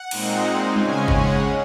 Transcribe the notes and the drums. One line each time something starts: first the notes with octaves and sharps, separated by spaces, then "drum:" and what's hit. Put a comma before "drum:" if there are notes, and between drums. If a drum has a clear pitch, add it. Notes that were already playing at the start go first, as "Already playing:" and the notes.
Already playing: F#5
A#2 G#3 C4 D#4, drum: cymbal
C#3 G#3 C#4 G#5, drum: tom
F#5, drum: kick